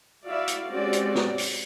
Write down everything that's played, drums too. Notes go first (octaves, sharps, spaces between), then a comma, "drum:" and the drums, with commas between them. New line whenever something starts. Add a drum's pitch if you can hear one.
E4 F#4 D5 E5 F5
drum: hi-hat
G#3 C4 C#4 F#4 G4 D5
drum: hi-hat
drum: snare
drum: open hi-hat